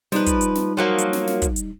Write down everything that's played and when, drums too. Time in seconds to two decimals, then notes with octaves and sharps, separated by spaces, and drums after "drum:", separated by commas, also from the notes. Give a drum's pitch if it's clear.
0.12 F3 G3 D#4 B4, drum: snare
0.27 drum: kick, hi-hat
0.41 drum: hi-hat
0.55 drum: snare
0.77 F3 F#3 A#3
0.99 drum: hi-hat
1.13 drum: snare
1.27 drum: snare
1.42 drum: kick, hi-hat
1.56 drum: hi-hat